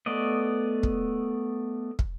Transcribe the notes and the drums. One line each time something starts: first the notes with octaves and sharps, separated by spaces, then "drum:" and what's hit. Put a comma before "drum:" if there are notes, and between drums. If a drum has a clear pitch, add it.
A3 B3 D5 D#5
drum: kick
drum: kick